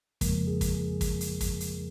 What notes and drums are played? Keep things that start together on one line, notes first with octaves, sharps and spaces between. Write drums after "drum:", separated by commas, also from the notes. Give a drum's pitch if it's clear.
F2 C#3 F3 G#3 A#3 A#4, drum: kick, hi-hat
G#4
drum: kick, hi-hat
G#4
drum: kick, hi-hat
drum: hi-hat
drum: kick, hi-hat
drum: hi-hat